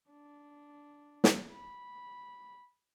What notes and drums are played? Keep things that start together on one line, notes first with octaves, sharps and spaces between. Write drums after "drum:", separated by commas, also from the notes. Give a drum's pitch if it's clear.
D4
drum: snare
B5